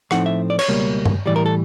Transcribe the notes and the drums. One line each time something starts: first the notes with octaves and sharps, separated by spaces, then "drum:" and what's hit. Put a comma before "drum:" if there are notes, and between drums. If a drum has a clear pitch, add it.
A2 F3 A3 C4 D#4 F#5, drum: rim click
E5
D5
C#5, drum: cymbal
C#2 B2 G3 A#3
drum: tom G2
A2 E3 G3 D5
A#4
A4